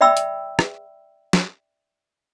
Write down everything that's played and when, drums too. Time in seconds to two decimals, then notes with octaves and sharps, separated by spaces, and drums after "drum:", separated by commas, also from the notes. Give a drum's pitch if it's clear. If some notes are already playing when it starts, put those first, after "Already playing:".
0.01 D5 E5 G5 B5 E6
0.17 drum: hi-hat
0.59 drum: rim click
1.33 drum: snare